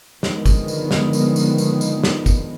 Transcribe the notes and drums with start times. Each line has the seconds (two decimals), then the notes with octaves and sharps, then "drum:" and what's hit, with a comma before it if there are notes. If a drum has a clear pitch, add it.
0.23 D3 D#3 F3 G#3 B3, drum: snare
0.46 drum: kick, tambourine
0.68 drum: tambourine
0.91 drum: snare
1.13 drum: tambourine
1.36 drum: tambourine
1.58 drum: tambourine
1.81 drum: tambourine
2.04 drum: snare
2.26 drum: kick, tambourine